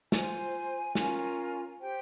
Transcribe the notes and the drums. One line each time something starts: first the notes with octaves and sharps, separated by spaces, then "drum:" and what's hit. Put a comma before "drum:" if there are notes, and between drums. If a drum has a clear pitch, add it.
F4 C5 G#5, drum: snare
C#4 F4 A#4, drum: snare
G4 C5 G5